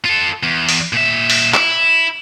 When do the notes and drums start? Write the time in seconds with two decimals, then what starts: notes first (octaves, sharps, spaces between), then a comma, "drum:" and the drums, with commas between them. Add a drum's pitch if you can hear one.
0.05 F4 A4
0.43 E2
0.69 drum: open hi-hat
0.93 A#2 E5
1.30 drum: open hi-hat
1.54 E4, drum: clap